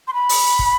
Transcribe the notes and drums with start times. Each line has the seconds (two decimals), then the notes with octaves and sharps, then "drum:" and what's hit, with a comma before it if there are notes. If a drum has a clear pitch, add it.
0.08 C6
0.14 B5
0.29 drum: open hi-hat
0.59 drum: kick